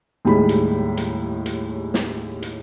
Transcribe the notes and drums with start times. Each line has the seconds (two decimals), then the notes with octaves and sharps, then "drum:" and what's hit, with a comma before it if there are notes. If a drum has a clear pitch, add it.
0.25 D#2 A2 G3 G#3 B5
0.49 drum: hi-hat
0.97 drum: hi-hat
1.46 drum: hi-hat
1.94 drum: snare
2.42 drum: hi-hat